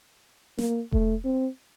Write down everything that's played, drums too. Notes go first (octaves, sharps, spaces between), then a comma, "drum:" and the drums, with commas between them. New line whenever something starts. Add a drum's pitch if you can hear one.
A#3, drum: snare
A3, drum: kick E1
C4